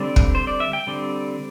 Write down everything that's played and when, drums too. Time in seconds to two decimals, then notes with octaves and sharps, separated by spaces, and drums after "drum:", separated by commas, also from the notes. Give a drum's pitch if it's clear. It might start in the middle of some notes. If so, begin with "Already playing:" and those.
Already playing: D3 G3 C4 D5
0.16 drum: kick
0.35 C5
0.47 D5
0.60 E5
0.73 G5
0.87 D3 G3 C4 D5